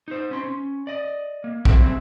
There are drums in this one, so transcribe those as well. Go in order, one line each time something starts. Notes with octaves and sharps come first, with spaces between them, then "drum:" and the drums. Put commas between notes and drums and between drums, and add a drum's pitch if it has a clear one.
D#4 C5
C#4 C6
C#4
D5 D#5
A#3
D2 D3 F#3 C4 E4 C6, drum: kick B1